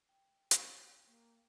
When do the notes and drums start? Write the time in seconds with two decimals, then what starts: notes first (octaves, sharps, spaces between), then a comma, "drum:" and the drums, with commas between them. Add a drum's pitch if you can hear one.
0.09 G5
0.51 drum: hi-hat
1.07 A#3